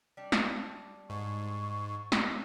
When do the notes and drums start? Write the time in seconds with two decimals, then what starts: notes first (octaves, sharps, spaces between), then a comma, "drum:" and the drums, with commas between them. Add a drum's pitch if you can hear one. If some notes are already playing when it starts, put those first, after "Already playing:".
0.17 G3 D4
0.32 drum: snare
1.10 G#2 C#6
2.12 drum: snare